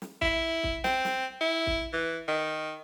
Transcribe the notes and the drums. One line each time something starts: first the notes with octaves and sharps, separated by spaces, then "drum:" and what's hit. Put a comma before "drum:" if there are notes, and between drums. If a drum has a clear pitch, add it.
drum: snare
E4, drum: kick
drum: kick
C4, drum: snare
drum: snare
E4
drum: kick
E3
D#3